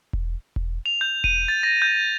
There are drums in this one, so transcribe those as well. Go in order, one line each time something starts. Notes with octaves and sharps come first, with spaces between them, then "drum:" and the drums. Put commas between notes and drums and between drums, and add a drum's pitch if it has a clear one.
drum: kick E1
drum: kick E1
F7
G6
D#7, drum: kick E1
A6
A#6
G6